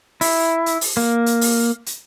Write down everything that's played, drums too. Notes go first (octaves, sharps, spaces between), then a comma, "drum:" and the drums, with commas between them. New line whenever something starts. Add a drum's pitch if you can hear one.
E4, drum: open hi-hat
drum: hi-hat
drum: open hi-hat
A#3
drum: hi-hat
drum: open hi-hat
drum: hi-hat